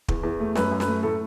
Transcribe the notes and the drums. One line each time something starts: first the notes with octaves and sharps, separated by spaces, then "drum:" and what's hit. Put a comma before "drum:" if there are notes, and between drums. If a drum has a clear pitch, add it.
E2, drum: kick
E2
A3
F#2 B4, drum: snare
F#2
B4, drum: snare
A3
A2 A4